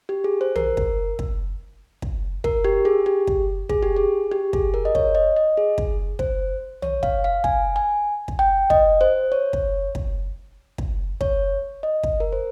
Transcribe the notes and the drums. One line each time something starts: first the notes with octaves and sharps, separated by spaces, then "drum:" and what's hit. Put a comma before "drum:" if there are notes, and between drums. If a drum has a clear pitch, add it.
G4
G#4
C5
A#4, drum: tom
drum: kick
drum: kick
drum: kick
A#4, drum: kick
G4
G#4
G4
drum: kick
G#4, drum: kick
G4
G#4
G4
G#4, drum: kick
A#4
D#5
C#5, drum: kick
D#5
D#5
G#4
drum: kick
C5, drum: kick
C#5, drum: tom
F5, drum: kick
F5
G#5, drum: kick
G#5
drum: kick
G5
D#5, drum: kick
C5
C#5
drum: kick
drum: kick
drum: kick
C#5, drum: kick
D#5
drum: kick
A#4
C5